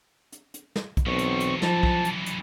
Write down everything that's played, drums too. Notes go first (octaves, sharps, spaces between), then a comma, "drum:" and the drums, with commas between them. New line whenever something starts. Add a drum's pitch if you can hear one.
drum: hi-hat
drum: hi-hat
drum: snare
drum: kick, hi-hat
B1 E2 B2 C4 C#6
drum: hi-hat
drum: hi-hat
F#2 E3 F3 A5, drum: snare
drum: kick
drum: hi-hat
drum: hi-hat